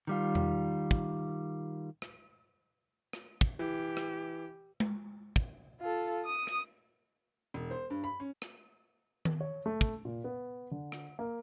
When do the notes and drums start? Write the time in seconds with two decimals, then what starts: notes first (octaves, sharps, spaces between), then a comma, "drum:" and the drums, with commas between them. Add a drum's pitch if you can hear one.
0.07 D#3 G3 F4
0.35 drum: tom E2
0.91 drum: kick
2.02 drum: rim click
3.13 drum: rim click
3.41 drum: kick
3.59 E3 G4
3.97 drum: rim click
4.80 drum: tom G#3
5.36 drum: kick
5.81 F4 A4
6.26 D#6
6.47 drum: rim click
7.54 E1
7.71 C5
7.90 G2
8.04 B5
8.20 C#4
8.42 drum: rim click
9.25 drum: tom D#3
9.41 C#5
9.66 A3
9.81 drum: kick
10.05 A#2
10.24 B3
10.71 D3
10.92 drum: rim click
11.19 A#3